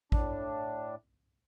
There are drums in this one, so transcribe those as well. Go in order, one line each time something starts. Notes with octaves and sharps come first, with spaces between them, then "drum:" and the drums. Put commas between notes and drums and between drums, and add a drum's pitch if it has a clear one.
A2 D4, drum: kick A1